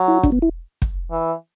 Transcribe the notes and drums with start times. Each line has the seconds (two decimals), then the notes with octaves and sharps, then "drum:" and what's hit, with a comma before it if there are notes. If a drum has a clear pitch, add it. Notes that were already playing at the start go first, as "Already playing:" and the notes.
Already playing: F#3
0.08 E4
0.23 D4, drum: kick
0.32 B3
0.42 E4
0.82 drum: kick
1.11 E3